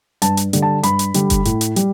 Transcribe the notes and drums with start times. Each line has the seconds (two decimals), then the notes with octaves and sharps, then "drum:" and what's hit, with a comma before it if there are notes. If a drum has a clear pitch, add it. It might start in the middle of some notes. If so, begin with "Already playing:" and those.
0.22 G2 A5, drum: hi-hat
0.37 drum: hi-hat
0.53 D3 G3, drum: hi-hat
0.62 A5
0.83 G2 B5, drum: hi-hat
0.99 drum: hi-hat
1.14 D3 G3, drum: hi-hat
1.30 drum: kick F#1, hi-hat
1.45 A2, drum: hi-hat
1.61 drum: hi-hat
1.76 G3, drum: hi-hat